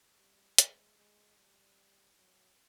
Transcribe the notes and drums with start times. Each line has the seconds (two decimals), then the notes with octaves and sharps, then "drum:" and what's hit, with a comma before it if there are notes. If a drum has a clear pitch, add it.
0.19 G3
0.58 G#3, drum: hi-hat
0.98 G#3
1.38 G3
2.17 F#3